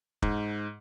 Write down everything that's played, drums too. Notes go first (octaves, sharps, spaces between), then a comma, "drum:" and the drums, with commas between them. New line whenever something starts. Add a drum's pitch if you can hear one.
G#2, drum: kick